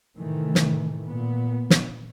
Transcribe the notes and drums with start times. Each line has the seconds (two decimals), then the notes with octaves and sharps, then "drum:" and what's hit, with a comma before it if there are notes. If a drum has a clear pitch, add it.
0.17 A2 C3 D#3 E3 A3
0.55 drum: snare
1.09 A#2 B3
1.70 drum: snare